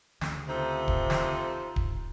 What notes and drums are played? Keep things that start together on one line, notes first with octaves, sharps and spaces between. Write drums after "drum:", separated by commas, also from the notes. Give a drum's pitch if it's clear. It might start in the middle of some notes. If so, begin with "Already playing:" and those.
D2 C#3, drum: snare
C3 D#4 F4 A4 C5
drum: kick D1
drum: snare
drum: kick D1